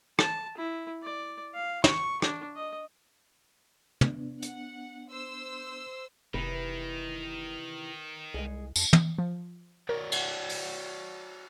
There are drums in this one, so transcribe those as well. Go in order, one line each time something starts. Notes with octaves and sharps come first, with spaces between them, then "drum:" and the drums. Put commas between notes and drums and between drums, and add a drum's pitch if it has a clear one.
A5, drum: rim click
E4
D5
F5
C#6, drum: snare
D4, drum: rim click
D#5
B3 D4, drum: tom
F#5, drum: hi-hat
C5 E6
F1 C3 D#3 E3 B4
C2 G#3 D#4 G#4
F2 A5, drum: tambourine
drum: tom
F3
F#4 A#4 C#5 D5
drum: cymbal
drum: open hi-hat